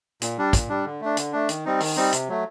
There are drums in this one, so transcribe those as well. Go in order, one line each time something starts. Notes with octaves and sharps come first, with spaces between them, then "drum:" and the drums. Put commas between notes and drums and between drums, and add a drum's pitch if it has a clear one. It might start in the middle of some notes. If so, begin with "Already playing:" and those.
A#2, drum: hi-hat
G3 D4
A#2, drum: kick, hi-hat
G3 D4
D3
A3 D4
D3, drum: hi-hat
A3 D4
D#3, drum: hi-hat
G3 C4 D#4
D#3, drum: open hi-hat
G3 C4 D#4
C3, drum: hi-hat
F#3 A3